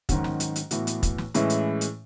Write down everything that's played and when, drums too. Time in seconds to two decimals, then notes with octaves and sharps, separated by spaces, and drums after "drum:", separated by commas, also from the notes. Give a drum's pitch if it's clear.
0.09 G#2 D#3 F#3 C#4 F#4, drum: kick, hi-hat
0.24 drum: snare
0.40 drum: hi-hat
0.56 drum: hi-hat
0.71 A2 E3 B3 F#4, drum: hi-hat
0.87 drum: hi-hat
1.03 drum: kick, hi-hat
1.18 drum: snare
1.34 A2 E3 G#3 C#4 E4, drum: hi-hat
1.50 drum: hi-hat
1.81 drum: hi-hat